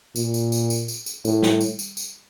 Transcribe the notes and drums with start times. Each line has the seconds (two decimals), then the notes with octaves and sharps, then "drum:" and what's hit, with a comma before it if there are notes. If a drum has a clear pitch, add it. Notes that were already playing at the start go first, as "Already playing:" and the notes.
0.16 A#2, drum: tambourine
0.34 drum: tambourine
0.52 drum: tambourine
0.70 drum: tambourine
0.88 drum: tambourine
1.06 drum: tambourine
1.25 A2, drum: tambourine
1.43 drum: snare
1.61 drum: tambourine
1.79 drum: tambourine
1.97 drum: tambourine